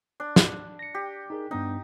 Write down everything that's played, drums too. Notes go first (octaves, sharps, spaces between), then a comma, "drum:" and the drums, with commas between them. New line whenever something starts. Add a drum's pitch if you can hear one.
D4
drum: snare
A#6 C#7
G4
D#4 G#4 A#4
G2 B3 D4 D#4